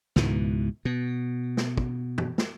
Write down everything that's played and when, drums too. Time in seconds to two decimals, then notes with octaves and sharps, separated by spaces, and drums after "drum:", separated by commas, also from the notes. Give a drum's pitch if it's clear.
0.16 C#2 G#2 B2 E3, drum: snare
0.85 B2
1.57 drum: snare
1.78 drum: kick
2.18 drum: tom
2.38 drum: snare